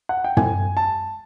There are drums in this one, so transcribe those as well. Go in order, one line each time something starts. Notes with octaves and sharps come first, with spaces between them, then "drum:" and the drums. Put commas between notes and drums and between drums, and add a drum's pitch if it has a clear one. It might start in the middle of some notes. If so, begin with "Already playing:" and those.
F#5
G5
G#5, drum: tom
A5